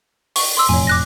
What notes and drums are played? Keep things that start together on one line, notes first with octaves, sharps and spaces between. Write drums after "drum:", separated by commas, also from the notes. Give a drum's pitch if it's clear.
C#6, drum: open hi-hat
C6 D6 E6
E1 F2 A2 C#5 G#5
D6 F#6 A#6